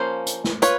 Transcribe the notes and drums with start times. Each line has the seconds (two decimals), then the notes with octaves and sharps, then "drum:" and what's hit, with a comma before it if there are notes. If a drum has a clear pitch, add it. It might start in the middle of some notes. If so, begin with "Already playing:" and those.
Already playing: F3 A#3 C#4 C5
0.27 drum: hi-hat
0.44 drum: snare
0.62 F4 B4 C#5, drum: hi-hat